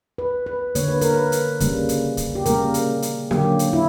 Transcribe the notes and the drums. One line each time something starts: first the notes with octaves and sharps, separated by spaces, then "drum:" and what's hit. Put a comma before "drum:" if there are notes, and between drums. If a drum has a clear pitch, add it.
B4
B4
D3 A#3 C#5, drum: hi-hat
B4
A#4, drum: hi-hat
B4
drum: hi-hat
C#3 G3 A#3, drum: kick, hi-hat
drum: hi-hat
drum: kick, hi-hat
G4
C#3 G3 A#3 A#4, drum: hi-hat
drum: hi-hat
drum: hi-hat
D3 F#3 A#3 G4, drum: rim click
drum: hi-hat
E4